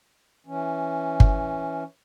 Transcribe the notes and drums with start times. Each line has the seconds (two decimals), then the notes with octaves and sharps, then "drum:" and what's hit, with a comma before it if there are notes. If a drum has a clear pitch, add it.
0.46 E3 C#4
1.20 drum: kick G1